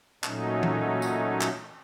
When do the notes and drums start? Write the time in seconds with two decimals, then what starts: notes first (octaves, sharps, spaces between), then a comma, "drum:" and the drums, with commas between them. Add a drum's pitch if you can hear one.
0.24 A#2 F#3 A3 C#4 D#4, drum: clap
0.63 drum: tom E3
1.02 drum: tambourine
1.41 drum: clap